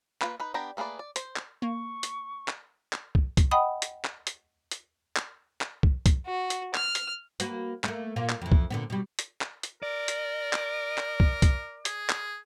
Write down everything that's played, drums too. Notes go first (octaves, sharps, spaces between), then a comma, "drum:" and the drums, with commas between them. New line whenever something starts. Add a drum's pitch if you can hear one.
A#3 F4 B4, drum: clap
D#4 B4
B3 D4 G4 A#5
A3 A#3 G#4 B4 D5
D5
C5, drum: hi-hat
drum: clap
A#3 C#6
drum: hi-hat
drum: clap
drum: clap
drum: kick
drum: kick, hi-hat
D#5 F#5 G5 B5 D#6
drum: hi-hat
drum: clap
drum: hi-hat
drum: hi-hat
drum: clap
drum: clap
drum: kick
drum: kick, hi-hat
F#4
drum: hi-hat
F6, drum: clap
drum: hi-hat
A#3 F#4 B4, drum: hi-hat
A3 A#3, drum: clap
A#2 A#3 F4
drum: clap
F2 E3
drum: kick
A#2 D3 B3
B2 G3
drum: hi-hat
drum: clap
drum: hi-hat
A#4 D5
drum: hi-hat
drum: clap
drum: clap
drum: kick
drum: kick, hi-hat
G#4, drum: hi-hat
drum: clap